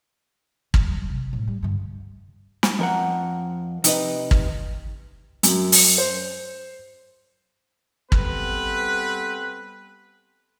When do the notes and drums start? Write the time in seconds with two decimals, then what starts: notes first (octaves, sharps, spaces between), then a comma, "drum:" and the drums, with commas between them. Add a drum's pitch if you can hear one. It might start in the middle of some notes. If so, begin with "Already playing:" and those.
0.74 D#1 F#3, drum: kick
1.10 C3
1.33 A2 F3
1.48 G3
1.63 G2 D3
2.63 drum: snare
2.79 F2 A#4 F#5
3.84 C3 D#4 B4 D#5, drum: hi-hat
4.31 drum: kick
5.43 F#2, drum: hi-hat
5.72 drum: open hi-hat
5.98 C5
8.12 G3 B3 C4 A4 B4, drum: kick